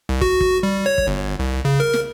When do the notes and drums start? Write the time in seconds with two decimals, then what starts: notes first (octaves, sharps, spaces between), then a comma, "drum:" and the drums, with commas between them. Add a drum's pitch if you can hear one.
0.09 C2
0.21 F#4, drum: kick
0.41 drum: kick
0.63 G3
0.86 C#5
0.98 drum: kick
1.07 G1
1.39 C2
1.65 C#3
1.80 A#4
1.93 drum: snare